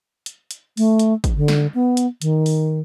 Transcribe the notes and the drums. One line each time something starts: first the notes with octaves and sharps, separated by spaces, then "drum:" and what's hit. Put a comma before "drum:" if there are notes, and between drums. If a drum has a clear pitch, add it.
drum: hi-hat
drum: hi-hat
A3, drum: open hi-hat
drum: hi-hat
drum: kick, hi-hat
D3
drum: snare
B3
drum: hi-hat
D#3, drum: hi-hat
drum: open hi-hat